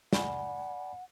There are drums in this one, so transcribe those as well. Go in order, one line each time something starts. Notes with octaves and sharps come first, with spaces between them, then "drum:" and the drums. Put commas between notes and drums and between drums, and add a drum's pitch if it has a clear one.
D5 F#5 G#5 B5, drum: snare